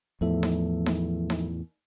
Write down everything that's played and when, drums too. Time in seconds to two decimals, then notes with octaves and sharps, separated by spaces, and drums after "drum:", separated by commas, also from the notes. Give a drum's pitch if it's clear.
0.21 E2 A2 E3 F3 A4 E5
0.43 drum: snare D#4
0.86 drum: snare D#4
1.30 drum: snare D#4